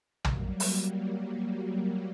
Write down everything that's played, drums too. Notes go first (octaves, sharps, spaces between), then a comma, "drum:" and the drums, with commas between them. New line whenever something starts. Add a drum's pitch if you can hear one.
F#3 G3 A#3, drum: tom
drum: open hi-hat